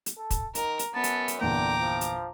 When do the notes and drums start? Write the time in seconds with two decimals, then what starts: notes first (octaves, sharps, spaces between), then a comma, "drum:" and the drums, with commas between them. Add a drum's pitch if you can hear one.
0.06 drum: hi-hat
0.17 A4
0.31 drum: kick, hi-hat
0.55 D#3 A#4, drum: hi-hat
0.79 drum: hi-hat
0.94 F#2 B3 A5
1.04 drum: hi-hat
1.28 drum: hi-hat
1.41 G1 E2 A#2 D3 G5 A#5 D6
1.81 F3
2.01 drum: hi-hat